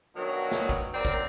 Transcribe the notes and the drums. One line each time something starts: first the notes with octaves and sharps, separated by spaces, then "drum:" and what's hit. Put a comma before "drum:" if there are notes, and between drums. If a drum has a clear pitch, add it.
G2 B2 D#3 F#3
drum: snare
drum: kick G1
F#2 G3 C4 A#4 D5
drum: kick G1